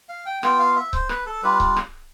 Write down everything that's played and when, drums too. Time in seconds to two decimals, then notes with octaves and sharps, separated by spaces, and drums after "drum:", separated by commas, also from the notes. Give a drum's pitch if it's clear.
0.09 F5
0.26 G5
0.43 B3 F4 G5, drum: rim click
0.59 F5
0.76 E5
0.93 C5, drum: kick C#1
1.09 B4, drum: rim click
1.26 A4
1.43 G3 D4 F4 B4
1.60 drum: kick C#1
1.77 drum: rim click